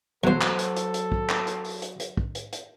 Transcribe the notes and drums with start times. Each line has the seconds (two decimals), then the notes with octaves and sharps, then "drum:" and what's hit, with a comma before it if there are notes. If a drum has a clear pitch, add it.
0.24 B1 E2 F#3 A4 C5
0.41 drum: clap
0.59 drum: hi-hat
0.76 drum: hi-hat
0.94 drum: hi-hat
1.12 drum: kick
1.29 drum: clap
1.47 drum: hi-hat
1.65 drum: open hi-hat
1.82 drum: hi-hat
2.00 drum: hi-hat
2.17 drum: kick
2.35 drum: hi-hat
2.53 drum: hi-hat